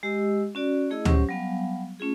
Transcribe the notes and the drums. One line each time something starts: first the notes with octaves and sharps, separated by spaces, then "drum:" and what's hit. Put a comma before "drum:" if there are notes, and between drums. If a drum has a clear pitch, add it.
G#3 G4 D#5 E6
C#4 F#4 D5
A3 E4 G#4 D#5 E6
F#3 C#4 G4 C5 C#5 C#6, drum: tom D2
F#3 G3 B3 F5 G#5
A3 C#4 F4 G#4